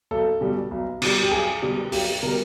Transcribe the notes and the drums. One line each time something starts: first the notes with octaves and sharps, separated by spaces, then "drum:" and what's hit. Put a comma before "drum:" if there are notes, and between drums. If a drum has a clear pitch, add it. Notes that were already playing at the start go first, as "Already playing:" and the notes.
B1 A4
B2 G3
B1
B2 G3, drum: cymbal
G4
B1 G#4
B2 G3
B1 G4, drum: open hi-hat
B2 G3 A#4